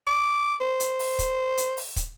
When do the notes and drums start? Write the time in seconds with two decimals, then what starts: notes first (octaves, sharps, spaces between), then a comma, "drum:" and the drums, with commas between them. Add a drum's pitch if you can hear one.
0.07 D6
0.60 C5
0.80 drum: hi-hat
0.99 drum: open hi-hat
1.19 drum: kick, hi-hat
1.58 drum: hi-hat
1.77 drum: open hi-hat
1.96 drum: kick, hi-hat